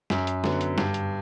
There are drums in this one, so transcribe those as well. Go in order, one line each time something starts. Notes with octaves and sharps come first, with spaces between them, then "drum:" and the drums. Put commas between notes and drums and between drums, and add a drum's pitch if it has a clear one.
F#2, drum: snare
drum: hi-hat
D3 F#3 B3, drum: snare
drum: hi-hat
G2, drum: snare
drum: hi-hat